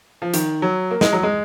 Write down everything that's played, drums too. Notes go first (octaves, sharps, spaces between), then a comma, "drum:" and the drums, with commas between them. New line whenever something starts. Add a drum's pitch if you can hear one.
F3
D#3, drum: hi-hat
F#3
A#3
G#3, drum: snare
F#3
G#3